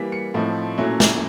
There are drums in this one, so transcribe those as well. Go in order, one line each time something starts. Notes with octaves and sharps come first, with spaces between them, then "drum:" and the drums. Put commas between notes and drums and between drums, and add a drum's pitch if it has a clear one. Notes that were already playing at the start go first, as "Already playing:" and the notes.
Already playing: E3 G3 A#3 B6
C#7
A2 F3 A3 C4 D#4
A#2 F#3 A3 C#4 E4
drum: snare